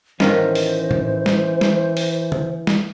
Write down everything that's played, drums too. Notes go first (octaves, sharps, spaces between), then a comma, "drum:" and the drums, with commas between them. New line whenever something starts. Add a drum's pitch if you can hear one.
A2 D#3 E3 C#4 D#4 F4 C5, drum: snare
drum: open hi-hat
drum: tom A2
drum: snare
drum: snare
drum: open hi-hat
drum: tom D3
drum: snare